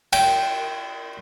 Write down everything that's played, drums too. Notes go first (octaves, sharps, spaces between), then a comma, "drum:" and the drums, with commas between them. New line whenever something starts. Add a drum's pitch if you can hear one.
G5, drum: cymbal